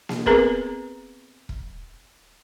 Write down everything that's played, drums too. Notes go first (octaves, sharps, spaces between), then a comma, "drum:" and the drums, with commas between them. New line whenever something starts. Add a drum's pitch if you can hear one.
drum: snare A#3
B3 C4 G#4 A#4 B4, drum: kick E1
drum: kick E1